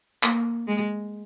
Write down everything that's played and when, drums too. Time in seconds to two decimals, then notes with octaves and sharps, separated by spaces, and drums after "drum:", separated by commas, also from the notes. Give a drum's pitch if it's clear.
0.23 A#3, drum: clap
0.67 G#3